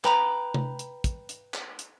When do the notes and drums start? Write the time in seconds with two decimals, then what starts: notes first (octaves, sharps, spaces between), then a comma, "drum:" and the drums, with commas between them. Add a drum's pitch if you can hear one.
0.05 B4 G5 A#5 B5, drum: clap
0.54 drum: tom C3
0.79 drum: hi-hat
1.04 drum: kick, hi-hat
1.29 drum: hi-hat
1.54 drum: clap
1.79 drum: hi-hat